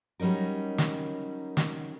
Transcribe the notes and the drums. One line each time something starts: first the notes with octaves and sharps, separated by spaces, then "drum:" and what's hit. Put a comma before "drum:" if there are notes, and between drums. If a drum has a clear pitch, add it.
F#3 G3 C#4 D#4 A#4
drum: snare
drum: snare